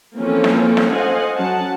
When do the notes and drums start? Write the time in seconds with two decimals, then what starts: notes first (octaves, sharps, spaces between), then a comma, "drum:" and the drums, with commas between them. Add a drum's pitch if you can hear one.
0.16 E3 F3 A#3 C4 C#4 A4
0.44 drum: snare
0.77 drum: snare
0.93 A4 C5 D#5 F5 F#5 G#5
1.36 F#3 C#4 F#5 A5